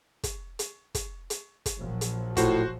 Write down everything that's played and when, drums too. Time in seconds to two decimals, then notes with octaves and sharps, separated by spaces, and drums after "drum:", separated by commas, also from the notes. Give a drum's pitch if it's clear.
0.23 drum: kick, hi-hat
0.59 drum: hi-hat
0.95 drum: kick, hi-hat
1.30 drum: hi-hat
1.66 drum: kick, hi-hat
1.79 A#1 F3 F#3
2.01 drum: hi-hat
2.37 A2 F4 F#4 C5, drum: kick, hi-hat